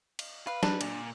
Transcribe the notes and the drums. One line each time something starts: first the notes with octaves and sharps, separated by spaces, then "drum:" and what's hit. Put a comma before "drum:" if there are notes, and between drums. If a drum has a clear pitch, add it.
drum: cymbal
B4 F5
D4, drum: snare
A#2, drum: cymbal